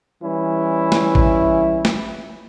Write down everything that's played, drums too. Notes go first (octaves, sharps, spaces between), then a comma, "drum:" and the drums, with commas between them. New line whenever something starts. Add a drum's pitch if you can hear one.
E3 G3 C#4 E4
drum: snare
drum: kick A1
drum: snare